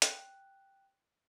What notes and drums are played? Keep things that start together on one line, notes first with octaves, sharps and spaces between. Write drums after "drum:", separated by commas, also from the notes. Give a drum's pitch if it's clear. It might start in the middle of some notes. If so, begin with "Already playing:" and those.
G5 F#6, drum: hi-hat